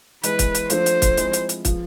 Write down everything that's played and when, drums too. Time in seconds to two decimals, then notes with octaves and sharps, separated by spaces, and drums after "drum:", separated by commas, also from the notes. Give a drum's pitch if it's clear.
0.24 E3 G#3 B3 E4 B4, drum: hi-hat
0.39 drum: kick, hi-hat
0.55 drum: hi-hat
0.70 F3 A3 D4 F4 A4 C5, drum: hi-hat
0.86 drum: hi-hat
1.02 drum: kick, hi-hat
1.17 F3 G#3 C4 E4 G#4, drum: hi-hat
1.33 drum: hi-hat
1.49 drum: hi-hat
1.65 F3 B3 F4 G#4, drum: kick, hi-hat